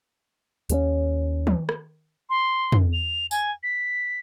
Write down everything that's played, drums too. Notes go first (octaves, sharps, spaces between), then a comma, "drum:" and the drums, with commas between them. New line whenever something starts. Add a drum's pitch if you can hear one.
D#2 G#3 C#4, drum: hi-hat
drum: tom
drum: rim click
C6
drum: tom
F7
G#5, drum: tambourine
B6